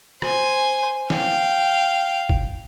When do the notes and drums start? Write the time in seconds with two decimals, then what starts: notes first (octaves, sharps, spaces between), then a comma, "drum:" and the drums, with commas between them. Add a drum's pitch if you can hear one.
0.22 C5 G#5, drum: rim click
1.10 F5 G5, drum: snare
2.29 drum: kick G1